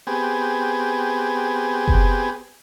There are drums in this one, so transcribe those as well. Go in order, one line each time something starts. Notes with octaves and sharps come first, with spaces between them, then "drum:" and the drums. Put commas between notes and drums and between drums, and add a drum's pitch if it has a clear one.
B3 C4 G4 G#4
drum: kick F#1